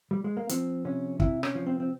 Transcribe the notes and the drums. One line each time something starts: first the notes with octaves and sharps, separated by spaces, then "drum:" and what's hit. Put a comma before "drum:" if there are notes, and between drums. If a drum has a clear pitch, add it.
G3
G#3
A#3
F3 C4, drum: hi-hat
C3 C#4
C3 E4, drum: kick
C#4, drum: rim click
F3
C4
C4